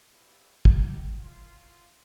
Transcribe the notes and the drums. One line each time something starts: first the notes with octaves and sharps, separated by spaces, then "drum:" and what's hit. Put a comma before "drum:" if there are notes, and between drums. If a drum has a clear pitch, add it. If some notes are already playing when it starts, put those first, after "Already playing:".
A#1 G3 B3 E4 F#4
D#3 F#3 G4 A#4, drum: kick
F#2 E4 F4